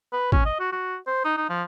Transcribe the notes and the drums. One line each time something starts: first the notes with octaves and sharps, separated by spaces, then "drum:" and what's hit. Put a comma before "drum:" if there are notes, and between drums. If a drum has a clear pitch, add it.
B4
C#4, drum: kick G#1
D#5
F#4
F#4
C5
D#4
D#4
F3